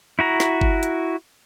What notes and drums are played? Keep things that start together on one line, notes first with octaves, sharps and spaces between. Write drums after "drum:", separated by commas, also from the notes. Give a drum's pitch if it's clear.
E4 F#4 A#5
drum: snare
drum: kick G1
drum: hi-hat